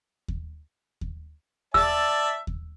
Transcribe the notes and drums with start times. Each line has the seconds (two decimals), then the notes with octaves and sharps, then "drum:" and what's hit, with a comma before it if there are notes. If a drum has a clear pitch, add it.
0.28 drum: kick D#2
1.01 drum: kick D#2
1.74 D5 E5 A5 E6, drum: kick D#2
2.47 drum: kick D#2